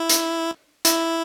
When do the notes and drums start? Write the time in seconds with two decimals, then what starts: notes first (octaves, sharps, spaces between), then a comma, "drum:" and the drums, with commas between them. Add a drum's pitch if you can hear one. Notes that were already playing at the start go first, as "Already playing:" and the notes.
Already playing: E4
0.09 drum: hi-hat
0.85 E4, drum: hi-hat